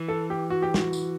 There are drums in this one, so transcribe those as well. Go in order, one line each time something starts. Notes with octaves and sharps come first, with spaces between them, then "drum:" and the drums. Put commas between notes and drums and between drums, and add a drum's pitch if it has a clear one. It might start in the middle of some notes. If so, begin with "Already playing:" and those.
Already playing: E3
A4
G4
F#4
G4
F#4, drum: snare
drum: tambourine